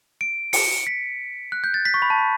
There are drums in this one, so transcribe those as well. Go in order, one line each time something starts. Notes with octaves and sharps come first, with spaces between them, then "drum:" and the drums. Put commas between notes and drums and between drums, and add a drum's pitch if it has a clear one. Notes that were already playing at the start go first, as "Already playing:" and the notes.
D7
C#7, drum: open hi-hat
B6
F#6
G6
A6
B6
C#6
B5
A5
B5